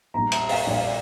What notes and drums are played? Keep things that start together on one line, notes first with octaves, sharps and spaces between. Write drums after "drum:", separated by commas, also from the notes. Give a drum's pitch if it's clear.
A#1 A#2 G3 A#5
A#5, drum: cymbal
F5, drum: open hi-hat
A#1 A#2 G3 D5
F5
D5